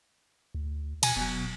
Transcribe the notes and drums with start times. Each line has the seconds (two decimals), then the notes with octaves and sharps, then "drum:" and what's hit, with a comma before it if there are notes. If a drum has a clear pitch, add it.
0.55 D2
1.03 B2 G#5, drum: cymbal
1.16 E1 B2 F#3